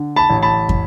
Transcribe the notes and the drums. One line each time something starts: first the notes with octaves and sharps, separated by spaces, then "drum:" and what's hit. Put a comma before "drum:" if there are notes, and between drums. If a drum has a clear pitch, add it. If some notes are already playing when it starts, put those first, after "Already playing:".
Already playing: D3
A5 B5
A1
A5 B5
drum: kick